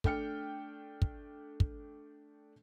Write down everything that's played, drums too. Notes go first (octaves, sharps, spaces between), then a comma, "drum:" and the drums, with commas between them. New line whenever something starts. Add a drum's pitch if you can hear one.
A3 D4 G5 F6 C#7, drum: kick
drum: kick
drum: kick